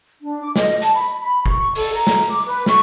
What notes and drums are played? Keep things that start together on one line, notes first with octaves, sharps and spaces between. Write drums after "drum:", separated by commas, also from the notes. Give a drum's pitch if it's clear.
D4
D6
D#5, drum: snare
A5, drum: hi-hat
B5
B5
C#6, drum: kick
A4, drum: open hi-hat
A#5
drum: snare
D6
B4
C#6, drum: snare